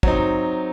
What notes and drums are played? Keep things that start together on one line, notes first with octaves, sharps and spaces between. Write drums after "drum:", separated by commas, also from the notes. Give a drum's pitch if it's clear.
F#3 C4 D#4, drum: kick